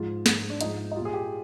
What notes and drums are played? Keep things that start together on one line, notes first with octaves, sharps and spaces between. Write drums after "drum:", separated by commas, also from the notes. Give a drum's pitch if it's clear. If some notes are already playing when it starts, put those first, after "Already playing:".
Already playing: G#2 F3 G#3 F4
G#2 F3 G#3, drum: snare
D4
G#2 F3 G#3 D#4, drum: hi-hat
D#4
A#2 G3 F4
G#4
G4